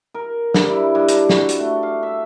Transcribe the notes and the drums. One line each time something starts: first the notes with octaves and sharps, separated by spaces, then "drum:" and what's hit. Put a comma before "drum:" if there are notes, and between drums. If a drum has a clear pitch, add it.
A#4
G2, drum: snare
E4
G2
D4, drum: hi-hat
F#4, drum: snare
drum: hi-hat
A3
F5
E5